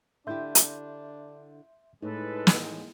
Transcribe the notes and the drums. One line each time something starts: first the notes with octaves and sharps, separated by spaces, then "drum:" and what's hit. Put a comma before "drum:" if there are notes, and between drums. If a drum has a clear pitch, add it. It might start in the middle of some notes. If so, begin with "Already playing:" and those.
D3 D4 E4 G4 E5 C6 G6
drum: hi-hat
A2 G#3 D#4 A4 B4
drum: snare